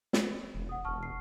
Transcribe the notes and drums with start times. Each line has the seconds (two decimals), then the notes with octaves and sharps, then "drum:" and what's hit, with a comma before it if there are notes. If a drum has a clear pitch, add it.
0.13 drum: snare
0.54 E1
0.69 F#5 D#6
0.85 E1 A5 C#6 F6
1.03 C7